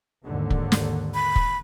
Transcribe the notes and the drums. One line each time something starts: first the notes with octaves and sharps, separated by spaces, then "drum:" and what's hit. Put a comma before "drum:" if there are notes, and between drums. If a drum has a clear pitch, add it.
D#2 G#2 D3
drum: kick
drum: snare
B5
drum: kick